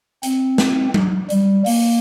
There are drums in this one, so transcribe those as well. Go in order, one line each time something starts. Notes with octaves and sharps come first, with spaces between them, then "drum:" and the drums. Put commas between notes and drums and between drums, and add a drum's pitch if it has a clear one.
C4, drum: hi-hat
drum: snare
drum: tom F#3
G3, drum: hi-hat
A#3, drum: open hi-hat